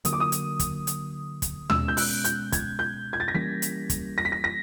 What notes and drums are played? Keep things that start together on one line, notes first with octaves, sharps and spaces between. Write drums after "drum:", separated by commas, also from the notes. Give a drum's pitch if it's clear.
D3 F#3 A#3 D#6, drum: hi-hat
D6
D#6
drum: hi-hat
drum: kick, hi-hat
drum: hi-hat
drum: kick, hi-hat
B2 G#3 C#4 E6, drum: tom D#2
G6
F#6, drum: open hi-hat
G6, drum: hi-hat
G#6, drum: kick, hi-hat
G6
G#6
A6
A#6
E3 G3 A#3 C#4 B6
drum: hi-hat
drum: kick, hi-hat
A#6
B6
A#6
A#6